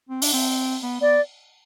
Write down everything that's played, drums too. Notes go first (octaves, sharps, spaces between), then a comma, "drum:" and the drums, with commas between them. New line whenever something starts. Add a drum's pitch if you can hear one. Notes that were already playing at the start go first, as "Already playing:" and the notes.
C4
D4, drum: open hi-hat
C4
B3
B3 D5